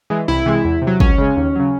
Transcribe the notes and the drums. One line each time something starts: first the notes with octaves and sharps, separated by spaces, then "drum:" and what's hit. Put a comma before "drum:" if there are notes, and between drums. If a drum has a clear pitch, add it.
E3 G#3
C2 E4
C3 E3 G#3
E2
C3
F#3
C#2 C#4, drum: kick
C#3 G#3
D#2
C#3 F#3